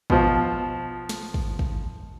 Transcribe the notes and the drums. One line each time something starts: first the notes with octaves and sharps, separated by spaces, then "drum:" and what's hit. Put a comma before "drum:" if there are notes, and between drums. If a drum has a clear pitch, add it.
B2 F3, drum: kick
drum: snare
drum: kick
drum: kick